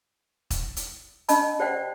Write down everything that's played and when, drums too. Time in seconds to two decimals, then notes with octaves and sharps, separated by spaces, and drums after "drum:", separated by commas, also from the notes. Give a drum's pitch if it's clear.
0.50 drum: kick E1, hi-hat
0.76 drum: hi-hat
1.29 C#4 D4 D#5 A5 B5, drum: hi-hat
1.59 G4 C5 D5 F#5 G5